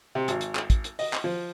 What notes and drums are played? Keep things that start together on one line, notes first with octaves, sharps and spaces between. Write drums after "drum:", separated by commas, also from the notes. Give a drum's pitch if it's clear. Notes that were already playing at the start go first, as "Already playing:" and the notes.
C3
G#1, drum: hi-hat
drum: hi-hat
drum: clap
drum: kick, hi-hat
drum: hi-hat
D#5, drum: open hi-hat
drum: clap
F3